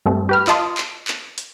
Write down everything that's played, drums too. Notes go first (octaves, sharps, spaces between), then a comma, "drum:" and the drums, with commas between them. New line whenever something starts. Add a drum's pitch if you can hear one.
G2 A3 C4
G4 B4 F6
F4 D#5 A5 C6 D#6, drum: clap
drum: clap
drum: clap
drum: hi-hat